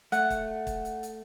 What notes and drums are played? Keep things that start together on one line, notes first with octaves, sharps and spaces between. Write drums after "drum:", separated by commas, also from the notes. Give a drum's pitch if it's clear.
A3 F#5, drum: hi-hat
drum: kick, hi-hat
drum: kick, hi-hat
drum: hi-hat
drum: hi-hat